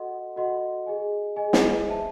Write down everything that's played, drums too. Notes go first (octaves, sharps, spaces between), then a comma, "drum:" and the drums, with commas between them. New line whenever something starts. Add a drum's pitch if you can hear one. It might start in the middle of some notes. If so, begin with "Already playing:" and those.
Already playing: F#4 A4 D#5 F#5 C6
F#4 A4 D#5 F#5 C6
G#4 D#5 G#5
G#4 D#5 G#5
drum: snare
C5 E5 A5